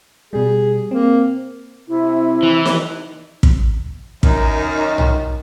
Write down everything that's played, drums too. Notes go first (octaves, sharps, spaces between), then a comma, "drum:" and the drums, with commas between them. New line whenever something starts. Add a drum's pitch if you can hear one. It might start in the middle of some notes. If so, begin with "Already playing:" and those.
B2 G3 G#4
A#3 C4
C3 E4
E3
drum: snare
drum: kick
F#2 D#4 A#4, drum: kick
D#3
drum: tom